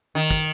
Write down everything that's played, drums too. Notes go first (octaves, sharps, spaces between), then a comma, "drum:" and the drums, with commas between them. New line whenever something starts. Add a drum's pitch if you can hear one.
D#3
drum: kick